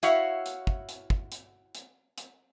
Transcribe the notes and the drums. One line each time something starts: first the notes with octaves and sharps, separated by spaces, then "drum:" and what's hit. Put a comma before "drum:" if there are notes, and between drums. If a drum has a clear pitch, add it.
E4 F#4 C#5 E5 F5, drum: hi-hat
drum: hi-hat
drum: kick
drum: hi-hat
drum: kick
drum: hi-hat
drum: hi-hat
drum: hi-hat